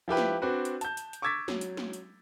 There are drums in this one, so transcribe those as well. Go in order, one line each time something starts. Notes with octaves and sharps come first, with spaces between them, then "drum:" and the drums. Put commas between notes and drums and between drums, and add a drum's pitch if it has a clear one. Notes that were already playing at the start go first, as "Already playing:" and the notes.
F3 E4 G4 B4
drum: snare
C4 D4 F#4 B4
drum: hi-hat
A5 G6, drum: hi-hat
drum: hi-hat
drum: hi-hat
C#6 D6 E6 G#6 A6 B6
F#3, drum: snare
drum: hi-hat
drum: snare
drum: hi-hat